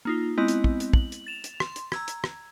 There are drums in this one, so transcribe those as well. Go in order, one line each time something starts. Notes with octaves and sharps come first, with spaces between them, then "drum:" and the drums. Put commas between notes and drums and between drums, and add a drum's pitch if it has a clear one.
A#3 D#4 F4
G#3 B3 C4 E4 D#5
drum: hi-hat
drum: kick
drum: hi-hat
F#7, drum: kick
drum: hi-hat
A6 E7 F7
drum: hi-hat
C6, drum: rim click
drum: hi-hat
A#5 E6 G#6, drum: rim click
drum: hi-hat
drum: rim click